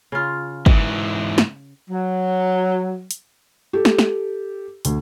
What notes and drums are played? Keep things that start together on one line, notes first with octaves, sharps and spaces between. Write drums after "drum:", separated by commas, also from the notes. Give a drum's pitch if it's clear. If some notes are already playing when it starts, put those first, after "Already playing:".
C#3 F4
G#2 E3, drum: kick
drum: snare
F#3
drum: hi-hat
G4 A4
drum: snare
drum: snare
D2, drum: hi-hat